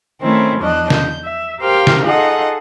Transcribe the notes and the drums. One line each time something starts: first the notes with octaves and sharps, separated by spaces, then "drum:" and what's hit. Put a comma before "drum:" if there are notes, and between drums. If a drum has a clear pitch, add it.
D#3 A3 C4 C#4 E4
E2 F3 D4 D#5 F#6
G6, drum: snare
E5
G4 A#4 C5 F5 G5 F6
drum: snare
D#4 F4 G#4 A4 D#5 F#5